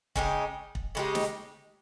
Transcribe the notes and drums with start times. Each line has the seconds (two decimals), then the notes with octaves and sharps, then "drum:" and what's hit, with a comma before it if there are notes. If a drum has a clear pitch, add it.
0.16 C#3 G#3 D#4 G4, drum: kick
0.75 drum: kick
0.95 C#3 G#3 D#4 G4
1.15 drum: snare